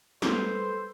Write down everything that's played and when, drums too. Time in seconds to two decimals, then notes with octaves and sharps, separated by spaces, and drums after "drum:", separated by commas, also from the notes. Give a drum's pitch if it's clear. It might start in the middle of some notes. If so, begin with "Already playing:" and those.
0.22 G3 A4 B4 C5, drum: snare